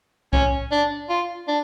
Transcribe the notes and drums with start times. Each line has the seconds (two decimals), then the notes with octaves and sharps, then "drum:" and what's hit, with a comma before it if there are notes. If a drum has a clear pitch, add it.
0.33 C#4, drum: kick B1
0.72 D4
1.10 F4
1.48 D4